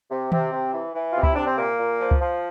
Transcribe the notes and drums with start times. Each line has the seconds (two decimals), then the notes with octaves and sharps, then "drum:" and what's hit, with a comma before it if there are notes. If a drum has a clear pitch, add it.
0.10 C3
0.32 C3 C4, drum: tom D#3
0.53 C3
0.74 E3
0.95 E3
1.12 C3 F4
1.23 E4, drum: kick C#2
1.34 C3 D4
1.47 C4
1.58 A#2 A#3
1.79 A#2
2.00 F3
2.11 drum: kick C#2
2.20 F3